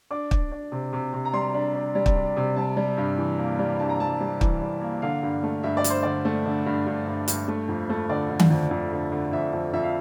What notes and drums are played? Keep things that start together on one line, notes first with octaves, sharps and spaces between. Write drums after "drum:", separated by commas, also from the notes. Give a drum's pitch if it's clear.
D4 D6
D4, drum: kick
D4
C3
C3
C3
A#5
G3 C6
D4
D4
G3
drum: kick
D4
C3
G3 A5
G3
G2
E3
A#3
G3
G2 A5
A#5
G3 A5
G3
E3, drum: kick
G3
A#3
D3 F5
G2
A3
G2 E5
D5
G2, drum: hi-hat
C5
D3 D5
A3
D3
G2
G2
G2
G2, drum: hi-hat
A3
F2
A3
D3 D5
D3
drum: tom D#3
F2
F2
D3
D3
F2 E5
F2
F2 E5
F5